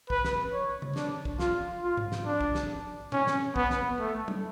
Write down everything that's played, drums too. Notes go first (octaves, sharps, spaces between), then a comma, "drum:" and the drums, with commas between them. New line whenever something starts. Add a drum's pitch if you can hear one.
B4, drum: kick
drum: snare
C#5
drum: tom C#3
D4, drum: snare
drum: kick
F4, drum: snare
F4
drum: tom G#2
drum: snare
D4
drum: kick
drum: snare
C#4, drum: tom A#2
drum: snare
B3, drum: kick
drum: snare
A3
drum: tom F#3